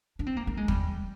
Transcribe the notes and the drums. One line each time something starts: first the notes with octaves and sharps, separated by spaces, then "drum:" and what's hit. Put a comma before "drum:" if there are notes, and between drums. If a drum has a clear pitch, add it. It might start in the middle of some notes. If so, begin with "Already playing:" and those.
D4
C4
A#3
A#3
G#3
G3, drum: kick